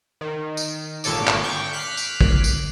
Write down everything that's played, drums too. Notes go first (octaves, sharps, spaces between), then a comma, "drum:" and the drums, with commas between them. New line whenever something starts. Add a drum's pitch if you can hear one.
D#3
drum: tambourine
G#1 A#2 D3 A4 C#5 D6, drum: tambourine
drum: clap
G5 C#6 D6
D6 F6 F#6 B6 C7
drum: tambourine
drum: kick
drum: tambourine